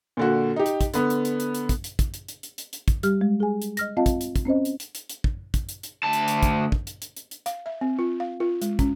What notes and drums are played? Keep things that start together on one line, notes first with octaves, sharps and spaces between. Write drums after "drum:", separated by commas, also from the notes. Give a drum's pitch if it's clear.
A#2 D3 F#4
D#4 G4
drum: hi-hat
drum: kick, hi-hat
D3 B3, drum: hi-hat
drum: hi-hat
drum: hi-hat
drum: hi-hat
drum: hi-hat
drum: kick, hi-hat
drum: hi-hat
drum: kick, hi-hat
drum: hi-hat
drum: hi-hat
drum: hi-hat
drum: hi-hat
drum: hi-hat
drum: kick, hi-hat
G3 G4 F6, drum: hi-hat
G#3
G#4 G#5
drum: hi-hat
D#5 F6 A#6, drum: hi-hat
C4 F4 D#5 F5 A5
drum: kick, hi-hat
drum: hi-hat
drum: kick, hi-hat
C4 C#4 C5 D#5
drum: hi-hat
drum: hi-hat
drum: hi-hat
drum: hi-hat
drum: kick
drum: kick, hi-hat
drum: hi-hat
drum: hi-hat
D2 A5
drum: hi-hat
drum: hi-hat
drum: kick, hi-hat
drum: kick
drum: hi-hat
drum: hi-hat
drum: hi-hat
drum: hi-hat
F5, drum: hi-hat
E5
C4
F4
F5
F4
G#3, drum: hi-hat
C#4, drum: kick, hi-hat